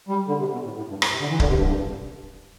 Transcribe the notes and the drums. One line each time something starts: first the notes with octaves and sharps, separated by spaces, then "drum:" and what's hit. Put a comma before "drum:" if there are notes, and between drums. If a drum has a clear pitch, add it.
G3
D3
C3
B2
A2
A2
G2
drum: rim click
C3
D3
E3
D3, drum: kick C#1
C3
G2
G2